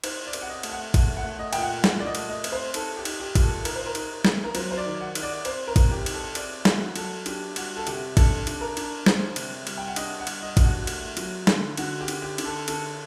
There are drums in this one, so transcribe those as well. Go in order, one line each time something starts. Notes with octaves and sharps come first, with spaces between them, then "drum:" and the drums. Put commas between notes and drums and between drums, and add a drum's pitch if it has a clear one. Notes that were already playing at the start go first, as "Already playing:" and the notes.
D#4 C5, drum: cymbal
D5
C4, drum: cymbal
F#5
D#5
A3, drum: cymbal
F#5
A3, drum: kick, cymbal
F#5
A3
D#5
A#2 G5, drum: cymbal
F#5
A#2 F#5, drum: snare
D5
D#5
A3, drum: cymbal
D#5
C4, drum: cymbal
C5
D#4 A4, drum: cymbal
G4
D#4, drum: cymbal
G4
A#2, drum: kick, cymbal
A4
D#4 A#4, drum: cymbal
C5
A#4
D#4, drum: cymbal
C4, drum: snare
A#4
F#3 C5, drum: cymbal
C5
D5
D#3
F#5
D#4, drum: cymbal
D5
C4 C5, drum: cymbal
A#4
C4, drum: kick, cymbal
G4
D#4, drum: cymbal
A4
C4 D5, drum: cymbal
F#3 F#4, drum: snare
F#3 A4, drum: cymbal
D4 G4, drum: cymbal
G3 F#4, drum: cymbal
A4
C3 G4, drum: cymbal
D4 A4, drum: kick, cymbal
D4, drum: cymbal
A#4
D4, drum: cymbal
G3 C5, drum: snare
C3, drum: cymbal
G3, drum: cymbal
G5
F#5
D4 D#5, drum: cymbal
F#5
G3, drum: cymbal
D#5
D4, drum: kick, cymbal
F#4
A3, drum: cymbal
F#3, drum: cymbal
D3, drum: snare
D3 F#4, drum: cymbal
G4
D3, drum: cymbal
G4
D3, drum: cymbal
A4
D3 A4, drum: cymbal